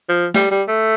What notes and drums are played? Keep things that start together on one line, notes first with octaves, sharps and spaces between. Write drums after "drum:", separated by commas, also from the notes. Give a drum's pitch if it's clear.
F3
G3, drum: snare
G3
A3